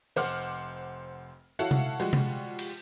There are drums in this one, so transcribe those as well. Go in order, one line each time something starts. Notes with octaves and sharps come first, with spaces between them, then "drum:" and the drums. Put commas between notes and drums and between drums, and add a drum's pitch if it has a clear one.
F1 C5 F#5 D6 F6
E4 F#4 A4 C#5 F5 F#5
drum: tom C3
F3 G3 G#3 F#4
drum: tom C3
drum: cymbal